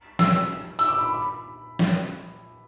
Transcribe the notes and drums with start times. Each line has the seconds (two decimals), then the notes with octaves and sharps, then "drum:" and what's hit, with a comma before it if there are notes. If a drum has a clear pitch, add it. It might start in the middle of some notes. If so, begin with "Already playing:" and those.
0.19 E6, drum: snare
0.79 E6, drum: hi-hat
0.88 D6
0.99 B5
1.09 B5
1.79 drum: snare